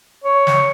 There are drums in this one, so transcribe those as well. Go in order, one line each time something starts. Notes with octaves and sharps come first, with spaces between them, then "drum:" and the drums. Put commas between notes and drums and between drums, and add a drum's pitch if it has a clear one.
C#5
drum: snare